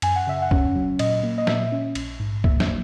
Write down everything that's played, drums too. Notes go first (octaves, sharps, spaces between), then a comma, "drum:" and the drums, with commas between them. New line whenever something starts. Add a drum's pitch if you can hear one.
F#2 G#5, drum: cymbal
F#5
C#3 E5
F#5
C#4, drum: kick
F#3
A#2 D#5, drum: cymbal
A#3
D#5
A#2 E5, drum: snare
C#4
A#1, drum: cymbal
G#2
A#3 E5, drum: kick
E5, drum: snare
F#3